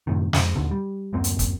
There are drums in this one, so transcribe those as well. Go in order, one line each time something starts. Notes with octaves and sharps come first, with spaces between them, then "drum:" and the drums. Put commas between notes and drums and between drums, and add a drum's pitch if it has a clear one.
F#2 A2 C3 D#3
F2, drum: snare
D#2 A#2 D3 D#3
G3
D1 F#2 A#3 C4
drum: hi-hat
drum: kick, hi-hat